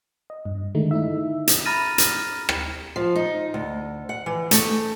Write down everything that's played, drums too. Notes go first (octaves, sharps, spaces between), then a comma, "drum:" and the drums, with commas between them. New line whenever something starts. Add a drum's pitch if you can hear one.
D#5
G2
D3 D#3 G#3 A3 D#4
D#4 E4 E5
drum: hi-hat
A#5 B5 F6 A6 A#6 D#7
drum: hi-hat
drum: rim click
F3
D#4
D2
F#5
E3
A3, drum: hi-hat